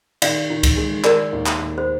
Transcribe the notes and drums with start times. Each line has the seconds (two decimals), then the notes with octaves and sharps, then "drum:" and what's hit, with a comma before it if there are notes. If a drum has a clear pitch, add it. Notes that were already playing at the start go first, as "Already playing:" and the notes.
0.22 D#3 D5 F5, drum: cymbal
0.50 D#3
0.63 drum: kick C#2, cymbal
0.77 G#3
1.04 D#3 A#4 D5, drum: clap
1.33 D#2
1.46 drum: clap
1.60 D#2
1.78 C5